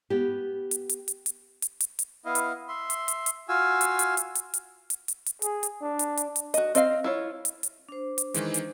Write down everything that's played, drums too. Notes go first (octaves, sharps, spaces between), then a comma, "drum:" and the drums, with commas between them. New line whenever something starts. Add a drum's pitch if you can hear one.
B3 G4
drum: hi-hat
drum: hi-hat
drum: hi-hat
drum: hi-hat
drum: hi-hat
drum: hi-hat
drum: hi-hat
B3 E4 D#5 F5
drum: hi-hat
E5 C6
drum: hi-hat
drum: hi-hat
drum: hi-hat
F4 F#4 F5 G#5 E6
drum: hi-hat
drum: hi-hat
drum: hi-hat
drum: hi-hat
drum: hi-hat
drum: hi-hat
drum: hi-hat
drum: hi-hat
G#4, drum: hi-hat
drum: hi-hat
D4
drum: hi-hat
drum: hi-hat
drum: hi-hat
F#4 D#5, drum: hi-hat
C4 D#5 F5, drum: hi-hat
E4 F4 C#5
drum: hi-hat
drum: hi-hat
D4 C5
drum: hi-hat
D#3 E3 G#3, drum: hi-hat
drum: hi-hat